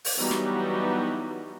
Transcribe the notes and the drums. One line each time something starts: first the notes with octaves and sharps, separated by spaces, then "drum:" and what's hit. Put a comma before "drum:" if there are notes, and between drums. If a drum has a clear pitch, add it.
drum: open hi-hat
E3 F#3 G3 B3 D#4 F#4
drum: snare